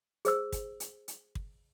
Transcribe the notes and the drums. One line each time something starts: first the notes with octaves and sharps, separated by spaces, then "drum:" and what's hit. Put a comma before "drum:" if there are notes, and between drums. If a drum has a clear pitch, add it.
G#4 C5 E6, drum: hi-hat
drum: kick, hi-hat
drum: hi-hat
drum: hi-hat
drum: kick